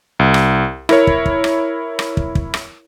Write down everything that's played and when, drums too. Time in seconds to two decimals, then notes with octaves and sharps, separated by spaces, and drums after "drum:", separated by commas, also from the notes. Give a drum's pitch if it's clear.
0.19 C2
0.34 drum: rim click
0.89 E4 A#4 C#5, drum: rim click
1.07 drum: kick
1.26 drum: kick
1.44 drum: rim click
1.99 drum: rim click
2.17 drum: kick
2.35 drum: kick
2.54 drum: rim click